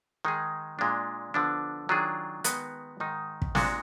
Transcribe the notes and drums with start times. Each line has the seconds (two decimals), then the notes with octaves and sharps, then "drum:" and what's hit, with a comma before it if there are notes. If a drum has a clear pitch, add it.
0.25 D#3 G#3 D#4 G#4
0.79 A#2 G#3 D4
1.34 D3 F3 B3 D4
1.89 D#3 F#3 D4 F4 G#4
2.44 D#3 G#3 B3 D#4 F#4, drum: hi-hat
3.00 G#2 D#3 G#3 D#4
3.42 drum: kick
3.55 A#2 G#3 D4 F#4, drum: snare